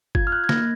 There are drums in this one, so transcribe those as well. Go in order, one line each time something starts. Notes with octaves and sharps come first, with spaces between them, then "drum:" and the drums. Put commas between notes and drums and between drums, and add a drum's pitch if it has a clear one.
F4 G#6, drum: kick
F6
F#6
G#6
A#3 A#6, drum: snare